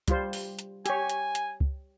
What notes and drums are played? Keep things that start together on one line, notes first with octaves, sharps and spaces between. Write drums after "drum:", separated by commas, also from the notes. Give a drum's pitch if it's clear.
G3 F4 C5, drum: kick C#2, hi-hat
drum: open hi-hat
drum: hi-hat
G4 C#5 G#5, drum: hi-hat
drum: hi-hat
drum: hi-hat
drum: kick C#2